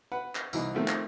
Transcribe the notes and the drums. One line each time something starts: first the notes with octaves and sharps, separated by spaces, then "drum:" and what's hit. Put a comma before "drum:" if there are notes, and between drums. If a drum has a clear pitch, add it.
B4 F#5
drum: clap
C2 E3 D#4, drum: tambourine
D#3 F3 A3 C4
drum: clap